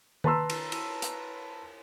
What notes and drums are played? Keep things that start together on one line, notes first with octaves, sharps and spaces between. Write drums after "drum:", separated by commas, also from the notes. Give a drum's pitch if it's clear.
B4 A5 A#5 C6 E6, drum: tom D#3
drum: cymbal
drum: cymbal
drum: hi-hat